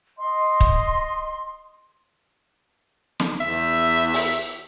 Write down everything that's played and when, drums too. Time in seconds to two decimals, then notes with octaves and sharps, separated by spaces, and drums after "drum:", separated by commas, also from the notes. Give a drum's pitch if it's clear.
0.19 D#5 C6
0.61 drum: kick
3.20 drum: snare
3.41 E2 E5
4.13 drum: open hi-hat